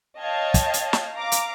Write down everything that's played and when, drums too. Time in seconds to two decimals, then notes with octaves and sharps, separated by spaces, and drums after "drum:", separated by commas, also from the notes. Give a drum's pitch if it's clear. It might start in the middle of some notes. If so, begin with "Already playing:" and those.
0.18 C#5 D#5 F5 G5 A5 G#6
0.54 drum: kick, hi-hat
0.74 drum: hi-hat
0.93 drum: snare
1.12 F5 A#5 D6
1.32 drum: hi-hat